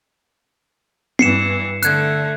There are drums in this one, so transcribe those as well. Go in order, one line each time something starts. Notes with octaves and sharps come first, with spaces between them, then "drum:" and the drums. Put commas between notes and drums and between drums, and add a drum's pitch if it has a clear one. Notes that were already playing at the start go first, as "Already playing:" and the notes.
G2 E3 C7 C#7 E7, drum: tom B3
D3 A3 F#6 G#6, drum: hi-hat